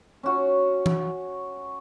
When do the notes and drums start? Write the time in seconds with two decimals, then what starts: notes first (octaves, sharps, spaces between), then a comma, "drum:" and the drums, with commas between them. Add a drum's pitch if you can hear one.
0.23 C#4 F#4
0.86 drum: tom E3